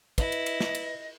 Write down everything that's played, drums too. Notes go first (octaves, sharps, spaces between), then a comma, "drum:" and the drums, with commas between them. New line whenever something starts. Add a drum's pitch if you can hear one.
E4 B4 D#5, drum: kick, cymbal
drum: cymbal
drum: cymbal
drum: snare
drum: cymbal